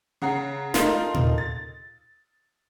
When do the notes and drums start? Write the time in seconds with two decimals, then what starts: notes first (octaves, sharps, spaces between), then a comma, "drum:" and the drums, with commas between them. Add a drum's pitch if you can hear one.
0.22 C#3 F#5 A#5 C7
0.74 D#4 F4 A4 A#4 F5 C6, drum: snare
1.14 drum: tom
1.38 A6